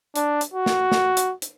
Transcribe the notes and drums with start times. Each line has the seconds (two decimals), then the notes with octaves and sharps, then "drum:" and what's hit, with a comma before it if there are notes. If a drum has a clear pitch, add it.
0.16 D4, drum: hi-hat
0.41 drum: hi-hat
0.54 F#4
0.66 drum: snare
0.92 drum: snare
1.17 drum: hi-hat
1.42 drum: hi-hat